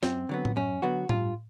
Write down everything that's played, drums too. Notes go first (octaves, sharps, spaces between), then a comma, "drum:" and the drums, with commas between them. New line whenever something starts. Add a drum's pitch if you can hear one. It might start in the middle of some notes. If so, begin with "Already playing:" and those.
F#2 C4, drum: snare F4
D3 F#3 B3
drum: tom A2
F#2 C#4
D3 F#3 B3 F#4
G2 F4, drum: tom A2